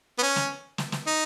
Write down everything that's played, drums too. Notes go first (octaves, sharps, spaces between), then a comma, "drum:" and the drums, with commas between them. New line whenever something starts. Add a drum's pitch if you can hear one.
B3
C#4
drum: snare
drum: snare
drum: snare
D#4